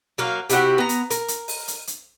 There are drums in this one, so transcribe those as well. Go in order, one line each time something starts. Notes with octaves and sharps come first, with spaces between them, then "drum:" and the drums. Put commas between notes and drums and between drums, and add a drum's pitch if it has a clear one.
F#3 A#3 F5
C3 E4 F#4 G4, drum: hi-hat
B3 A#5
drum: hi-hat
A#4, drum: hi-hat
drum: hi-hat
drum: open hi-hat
drum: hi-hat
drum: hi-hat